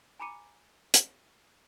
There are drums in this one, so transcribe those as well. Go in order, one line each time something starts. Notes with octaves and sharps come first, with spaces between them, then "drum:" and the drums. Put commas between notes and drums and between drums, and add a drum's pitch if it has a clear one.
G#5 A#5 B5 D6 C#7 D#7
drum: hi-hat